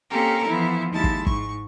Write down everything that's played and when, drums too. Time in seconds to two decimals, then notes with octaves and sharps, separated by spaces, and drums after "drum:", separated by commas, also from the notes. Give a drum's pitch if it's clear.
0.11 A#3 C4 C#4 G4 A4 A#4
0.47 E3 F3 B3 E4
0.93 D#2 G#3 E4 A5
1.04 drum: kick
1.26 G#2 C#6, drum: kick